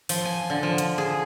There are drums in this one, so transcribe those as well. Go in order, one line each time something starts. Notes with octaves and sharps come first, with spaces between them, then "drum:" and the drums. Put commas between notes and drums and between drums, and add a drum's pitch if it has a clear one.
F3, drum: open hi-hat
G#5
D3
F3
drum: hi-hat
G#4